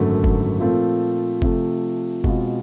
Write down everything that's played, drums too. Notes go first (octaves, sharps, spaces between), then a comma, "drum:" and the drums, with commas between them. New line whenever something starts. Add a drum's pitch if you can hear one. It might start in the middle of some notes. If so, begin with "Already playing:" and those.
Already playing: G#1 F#2 D3 F#3 A3
drum: kick F#1
A#2 F3 A3 C4 F4
C3 F3 A3, drum: kick F#1
B2 G#3 C4 F4, drum: kick F#1